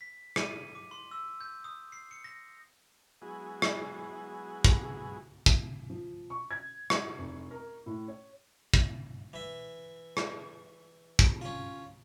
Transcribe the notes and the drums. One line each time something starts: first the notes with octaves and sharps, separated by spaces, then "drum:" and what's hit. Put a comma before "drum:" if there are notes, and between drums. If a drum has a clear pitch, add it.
B6
D#7, drum: rim click
D6
C6
E6
G6
D#6
C7
C#7
A#6
F#3 G#3 B3 E4 F#4 G#4
drum: rim click
drum: kick
drum: kick
F3
C#6
G#6
F#4, drum: rim click
F1
A#4
A2
C#5
drum: kick
E3 E5
drum: rim click
drum: kick
C#4 F4